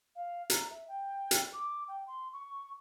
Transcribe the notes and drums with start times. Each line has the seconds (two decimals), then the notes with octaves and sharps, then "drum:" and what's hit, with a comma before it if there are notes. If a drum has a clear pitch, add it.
0.16 F5
0.50 A#5, drum: hi-hat
0.70 E5
0.88 G5
1.31 drum: hi-hat
1.53 D6
1.88 G5
2.07 C6
2.33 C#6